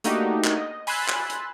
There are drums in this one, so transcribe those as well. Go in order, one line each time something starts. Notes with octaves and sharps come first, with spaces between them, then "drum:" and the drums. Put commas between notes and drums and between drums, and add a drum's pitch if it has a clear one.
A3 A#3 D4 D#4 F#4 G4, drum: hi-hat
drum: clap
D#5
G#5 B5 C6 E6 F#6 A6, drum: open hi-hat
drum: clap
drum: hi-hat